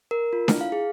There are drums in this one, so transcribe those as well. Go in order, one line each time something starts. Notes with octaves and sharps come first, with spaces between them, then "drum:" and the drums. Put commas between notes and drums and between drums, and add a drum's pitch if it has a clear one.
A#4
F4
E4, drum: snare D4
F5
G#4